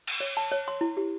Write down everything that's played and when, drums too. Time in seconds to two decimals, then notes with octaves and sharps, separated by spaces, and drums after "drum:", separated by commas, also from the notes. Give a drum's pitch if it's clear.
0.07 drum: cymbal
0.20 C#5
0.37 A5
0.52 C#5
0.68 C6
0.81 E4
0.97 G4